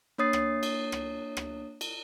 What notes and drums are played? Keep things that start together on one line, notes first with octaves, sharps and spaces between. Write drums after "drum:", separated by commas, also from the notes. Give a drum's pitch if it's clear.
A#3 D4 C#5 D#6 A6 C7
drum: rim click
drum: cymbal
drum: rim click
drum: rim click
drum: cymbal